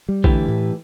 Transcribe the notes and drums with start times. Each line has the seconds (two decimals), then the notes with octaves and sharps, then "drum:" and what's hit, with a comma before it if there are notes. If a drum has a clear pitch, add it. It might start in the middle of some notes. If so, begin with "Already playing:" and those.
0.09 G3
0.24 D3 E3 A3 E4 G4 B4, drum: kick A#1
0.48 A2